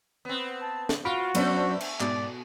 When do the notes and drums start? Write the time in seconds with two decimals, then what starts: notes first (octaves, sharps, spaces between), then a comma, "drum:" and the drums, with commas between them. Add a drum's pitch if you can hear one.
0.25 B3 C4
0.61 A5
0.89 drum: snare
1.05 F4 F#4 B5 D7
1.35 F#3 A3 B3 C#4 D4 C5, drum: cymbal
1.81 drum: cymbal
2.00 G#2 B2 D5, drum: clap